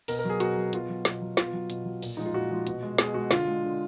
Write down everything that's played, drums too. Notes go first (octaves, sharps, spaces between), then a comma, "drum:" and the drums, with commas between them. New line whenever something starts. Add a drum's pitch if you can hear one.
B2 A#4, drum: open hi-hat
A#4
F#3 G#4
B2 F#4, drum: hi-hat
F#3
B2 F4, drum: hi-hat
F#3
B2, drum: snare
F#3
B2 F4, drum: snare
F#3
B2, drum: hi-hat
F#3
A#2, drum: open hi-hat
F3 G#3 D#4
F4
A#2 F#4
F3 G#3
B2, drum: hi-hat
G#3
B2 G#4, drum: snare
G#3 F#4
D3 F4, drum: snare
G#3
D3